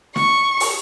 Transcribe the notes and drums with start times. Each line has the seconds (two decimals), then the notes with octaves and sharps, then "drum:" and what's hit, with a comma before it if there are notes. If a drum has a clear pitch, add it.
0.16 C#6, drum: snare
0.60 drum: open hi-hat